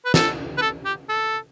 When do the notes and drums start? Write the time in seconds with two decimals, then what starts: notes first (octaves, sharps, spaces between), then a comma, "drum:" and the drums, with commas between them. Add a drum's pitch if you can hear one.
0.05 B4
0.14 A4, drum: snare
0.58 B4
0.61 A4
0.85 G4
1.09 A4